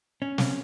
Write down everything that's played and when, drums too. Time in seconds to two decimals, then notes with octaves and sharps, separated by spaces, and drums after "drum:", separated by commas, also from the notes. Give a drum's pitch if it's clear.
0.22 C#4
0.38 drum: snare